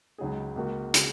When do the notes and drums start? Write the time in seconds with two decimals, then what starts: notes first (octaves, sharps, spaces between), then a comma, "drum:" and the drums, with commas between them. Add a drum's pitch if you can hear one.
0.18 C#2 C#3 F#3 D#4 G#4
0.56 C#2 C#3 A#3 F#4 A#4
0.94 C#3 G#3 F#4, drum: hi-hat